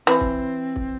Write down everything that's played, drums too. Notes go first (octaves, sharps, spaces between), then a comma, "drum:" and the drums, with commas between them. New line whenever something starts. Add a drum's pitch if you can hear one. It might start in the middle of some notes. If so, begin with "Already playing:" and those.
E3 C4
drum: kick
drum: kick